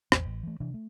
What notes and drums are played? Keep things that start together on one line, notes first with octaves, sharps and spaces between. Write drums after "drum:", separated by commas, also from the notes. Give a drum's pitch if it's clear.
A1 E2, drum: rim click
A1
E3 A3
C3 E3 D4
A3